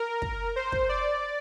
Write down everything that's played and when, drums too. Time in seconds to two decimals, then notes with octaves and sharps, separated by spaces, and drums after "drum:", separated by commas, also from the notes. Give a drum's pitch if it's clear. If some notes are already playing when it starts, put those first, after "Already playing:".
Already playing: A#4
0.22 drum: kick
0.56 C5
0.72 drum: kick
0.89 D5